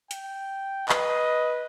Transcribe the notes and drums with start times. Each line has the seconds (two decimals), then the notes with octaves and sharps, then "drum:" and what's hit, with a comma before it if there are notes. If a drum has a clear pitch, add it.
0.11 G5, drum: hi-hat
0.89 B4 D#5, drum: clap